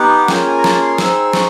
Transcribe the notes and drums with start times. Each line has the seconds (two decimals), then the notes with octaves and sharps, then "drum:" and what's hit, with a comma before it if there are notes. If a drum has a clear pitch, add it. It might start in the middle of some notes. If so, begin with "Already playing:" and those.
Already playing: B3 D#4 G4 F#5
0.28 A#3 C#4 F4 G#4 G5, drum: snare
0.47 G#5
0.58 A#5
0.64 A5, drum: snare
0.82 C6
0.98 C4 D#4 G#4 E6, drum: snare
1.33 C#6, drum: snare